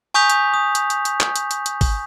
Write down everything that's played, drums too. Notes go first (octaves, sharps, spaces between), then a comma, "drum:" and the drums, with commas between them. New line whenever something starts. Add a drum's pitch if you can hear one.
G#5 C#6 D#6 G6 B6 F7
drum: hi-hat
D#6
drum: hi-hat
drum: hi-hat
drum: hi-hat
drum: clap
drum: hi-hat
drum: hi-hat
drum: hi-hat
drum: kick G#1, open hi-hat